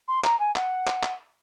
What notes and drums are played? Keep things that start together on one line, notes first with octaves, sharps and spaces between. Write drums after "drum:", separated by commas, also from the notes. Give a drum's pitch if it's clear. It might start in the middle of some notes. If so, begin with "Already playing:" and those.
C6
A#5, drum: clap
G#5
F#5, drum: clap
drum: clap
drum: clap